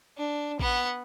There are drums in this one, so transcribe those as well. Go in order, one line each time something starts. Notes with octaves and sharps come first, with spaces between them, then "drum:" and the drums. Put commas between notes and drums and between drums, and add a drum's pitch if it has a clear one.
D4
B3 F#5, drum: kick A1